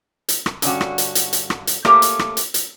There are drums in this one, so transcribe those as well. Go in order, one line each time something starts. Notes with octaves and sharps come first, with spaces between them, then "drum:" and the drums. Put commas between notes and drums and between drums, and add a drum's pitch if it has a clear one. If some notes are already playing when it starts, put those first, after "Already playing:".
drum: hi-hat
drum: rim click
G2 D3 C#4 F#4, drum: hi-hat
drum: rim click
drum: hi-hat
drum: hi-hat
drum: hi-hat
drum: rim click
drum: hi-hat
A3 A#3 G4 A#4 C#5, drum: rim click
drum: hi-hat
drum: rim click
drum: hi-hat
drum: hi-hat